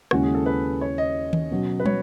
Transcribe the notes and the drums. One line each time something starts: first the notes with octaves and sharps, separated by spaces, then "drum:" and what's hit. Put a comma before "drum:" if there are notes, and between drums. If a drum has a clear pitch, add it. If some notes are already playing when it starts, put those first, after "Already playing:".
D#2 C#3 G#3 C#4 E4 F#4, drum: rim click
G#4
A4
B4
C#5
D#5
drum: tom D#3
B2 F#3 C#4
B4
C#5, drum: tom